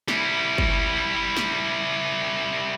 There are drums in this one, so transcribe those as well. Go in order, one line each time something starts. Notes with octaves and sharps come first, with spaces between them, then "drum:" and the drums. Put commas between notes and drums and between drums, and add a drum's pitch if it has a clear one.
G3 E4, drum: snare
drum: kick G1
drum: snare